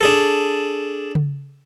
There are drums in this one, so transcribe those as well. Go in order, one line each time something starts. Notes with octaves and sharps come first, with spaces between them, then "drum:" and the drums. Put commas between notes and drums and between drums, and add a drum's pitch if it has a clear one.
D4 G#4 A4
drum: tom C#3